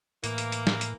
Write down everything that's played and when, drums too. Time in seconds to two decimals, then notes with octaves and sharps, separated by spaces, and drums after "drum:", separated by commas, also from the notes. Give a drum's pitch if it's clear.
0.24 A2 E3 A#3, drum: hi-hat
0.38 drum: hi-hat
0.52 drum: hi-hat
0.67 drum: snare
0.81 drum: hi-hat